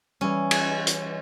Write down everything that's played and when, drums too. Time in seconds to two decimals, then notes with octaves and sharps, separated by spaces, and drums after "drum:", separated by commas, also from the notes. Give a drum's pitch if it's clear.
0.21 E3 G3 C#4
0.51 drum: cymbal
0.87 drum: hi-hat